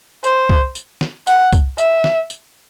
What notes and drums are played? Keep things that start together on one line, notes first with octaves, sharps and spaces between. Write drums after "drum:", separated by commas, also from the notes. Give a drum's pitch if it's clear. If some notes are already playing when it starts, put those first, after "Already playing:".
C5, drum: tambourine
drum: kick
drum: tambourine
drum: snare
F#5, drum: tambourine
drum: kick, tambourine
E5, drum: tambourine
drum: snare
drum: tambourine